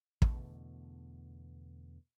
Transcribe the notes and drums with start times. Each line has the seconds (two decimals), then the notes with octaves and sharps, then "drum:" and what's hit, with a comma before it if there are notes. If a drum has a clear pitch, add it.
0.22 E2 B2 D3 A3, drum: kick